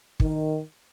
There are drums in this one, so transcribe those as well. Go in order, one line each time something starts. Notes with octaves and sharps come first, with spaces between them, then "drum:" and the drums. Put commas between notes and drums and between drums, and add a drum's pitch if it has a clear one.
D#3, drum: kick